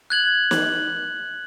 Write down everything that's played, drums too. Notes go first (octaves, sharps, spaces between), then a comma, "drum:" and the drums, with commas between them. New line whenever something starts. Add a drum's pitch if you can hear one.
F#6 G#6 F#7
drum: snare